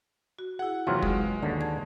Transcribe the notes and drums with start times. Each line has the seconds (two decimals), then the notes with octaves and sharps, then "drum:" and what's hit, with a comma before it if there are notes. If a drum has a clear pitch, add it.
0.39 F#4
0.59 E4 G#4 F#5
0.87 D#2 C3 E3 F#3 F4 C#5
1.02 B2 G#3, drum: kick
1.43 D#2 D3 C#5
1.61 A5 G#6